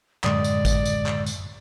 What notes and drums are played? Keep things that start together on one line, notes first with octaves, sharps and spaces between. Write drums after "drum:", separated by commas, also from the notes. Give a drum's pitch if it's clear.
F#2 A2 D3 G#3 D5 D#6, drum: clap
drum: tambourine
drum: kick, tambourine
drum: tambourine
drum: clap
drum: tambourine